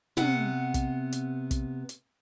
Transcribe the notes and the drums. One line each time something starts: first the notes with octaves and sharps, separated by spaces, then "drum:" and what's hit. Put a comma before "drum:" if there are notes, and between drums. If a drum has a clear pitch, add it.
C3 B3 F#5, drum: tom
drum: kick, hi-hat
drum: hi-hat
drum: kick, hi-hat
drum: hi-hat